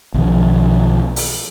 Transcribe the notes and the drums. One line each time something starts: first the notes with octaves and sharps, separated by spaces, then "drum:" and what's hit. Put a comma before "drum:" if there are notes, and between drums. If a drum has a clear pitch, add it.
B1 D#3 F3
drum: open hi-hat